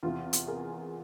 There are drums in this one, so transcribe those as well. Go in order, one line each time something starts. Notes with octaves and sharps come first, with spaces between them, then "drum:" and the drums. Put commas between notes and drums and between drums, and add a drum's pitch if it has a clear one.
E2 C3 E3 F4
drum: hi-hat
G#4 A#4